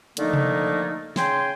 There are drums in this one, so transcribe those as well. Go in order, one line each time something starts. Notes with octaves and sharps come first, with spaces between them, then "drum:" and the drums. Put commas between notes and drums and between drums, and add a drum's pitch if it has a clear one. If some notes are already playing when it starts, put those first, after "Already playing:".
D3 F3 A3 A#3 D#4, drum: hi-hat
drum: tom C3
C#3 G5 G#5 C6, drum: snare